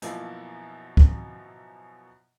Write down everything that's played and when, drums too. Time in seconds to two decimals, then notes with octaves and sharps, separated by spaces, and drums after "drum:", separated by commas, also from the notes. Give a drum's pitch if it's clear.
0.02 F#2 B2 F3 A#3 E4, drum: hi-hat
0.97 drum: kick